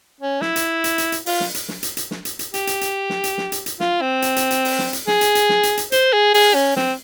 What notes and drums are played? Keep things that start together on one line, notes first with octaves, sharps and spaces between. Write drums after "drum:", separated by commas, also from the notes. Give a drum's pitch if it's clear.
C#4
E4, drum: snare
drum: hi-hat
drum: hi-hat
drum: hi-hat
drum: hi-hat
F4, drum: open hi-hat
drum: snare
drum: hi-hat
drum: snare
drum: hi-hat
drum: hi-hat
drum: snare
drum: hi-hat
drum: hi-hat
G4, drum: hi-hat
drum: hi-hat
drum: hi-hat
drum: snare
drum: hi-hat
drum: snare
drum: hi-hat
drum: hi-hat
F4, drum: snare
C4
drum: hi-hat
drum: hi-hat
drum: hi-hat
drum: open hi-hat
drum: snare
drum: hi-hat
G#4, drum: snare
drum: hi-hat
drum: hi-hat
drum: snare
drum: hi-hat
drum: hi-hat
C5, drum: hi-hat
G#4
G#4, drum: open hi-hat
C#4
C4, drum: snare